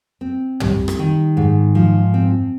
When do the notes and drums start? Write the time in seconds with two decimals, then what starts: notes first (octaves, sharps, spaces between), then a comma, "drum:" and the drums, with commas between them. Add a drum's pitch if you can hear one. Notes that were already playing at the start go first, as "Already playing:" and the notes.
0.21 C4
0.60 G3, drum: tom
0.88 drum: rim click
0.99 D#3
1.37 G#2
1.75 F3
2.14 C4